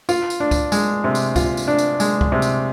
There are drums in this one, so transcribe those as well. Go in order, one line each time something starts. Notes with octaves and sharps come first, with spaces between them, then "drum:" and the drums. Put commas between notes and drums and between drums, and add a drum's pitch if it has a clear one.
F4, drum: tambourine
drum: tambourine
D4
drum: kick, tambourine
G#3, drum: tambourine
C3
drum: tambourine
F4, drum: kick, tambourine
drum: tambourine
D4
drum: tambourine
G#3, drum: tambourine
drum: kick
C3
drum: tambourine